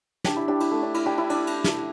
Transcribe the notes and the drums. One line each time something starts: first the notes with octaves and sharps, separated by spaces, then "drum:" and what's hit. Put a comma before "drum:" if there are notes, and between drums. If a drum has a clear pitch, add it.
D4 G4, drum: snare
E4
D4 G4
E4, drum: cymbal
A3
D4
E4, drum: cymbal
D4 G4
E4
D4, drum: cymbal
drum: cymbal
drum: snare